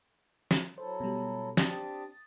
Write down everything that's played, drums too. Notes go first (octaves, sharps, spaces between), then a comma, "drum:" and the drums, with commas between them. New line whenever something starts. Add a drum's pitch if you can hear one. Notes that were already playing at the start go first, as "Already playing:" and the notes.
drum: snare
F#3 E4 A4 C5
B2 G3
C4 D4 G4 D#6 A6, drum: snare